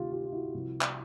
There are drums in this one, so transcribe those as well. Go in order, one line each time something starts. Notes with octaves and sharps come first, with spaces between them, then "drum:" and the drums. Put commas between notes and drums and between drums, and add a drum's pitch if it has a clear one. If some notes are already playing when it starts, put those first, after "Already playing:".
Already playing: D2 C3 D#3 F4 G4
F4 G4
F4
E4 F#4
C2 C3 F3
drum: clap